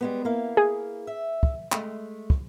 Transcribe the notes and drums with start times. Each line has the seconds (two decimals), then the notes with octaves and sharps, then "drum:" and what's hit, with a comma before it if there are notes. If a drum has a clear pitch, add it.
0.01 G3 G#3 B3
0.25 A#3 E4 F5
0.57 G#4
1.07 E5
1.43 drum: kick
1.72 G#3 A3, drum: clap
2.30 drum: kick